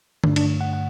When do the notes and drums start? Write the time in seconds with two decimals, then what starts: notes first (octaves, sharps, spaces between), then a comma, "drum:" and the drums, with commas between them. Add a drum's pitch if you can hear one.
0.24 G2 D3 A3 D4, drum: tom D3
0.36 D4, drum: cymbal
0.61 F#5
0.73 F#5